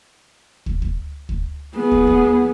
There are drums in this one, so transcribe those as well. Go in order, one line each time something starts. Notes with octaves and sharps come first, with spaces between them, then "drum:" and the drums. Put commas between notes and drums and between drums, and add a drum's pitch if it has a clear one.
drum: kick
drum: kick
drum: kick
B3 G#4
drum: kick
drum: kick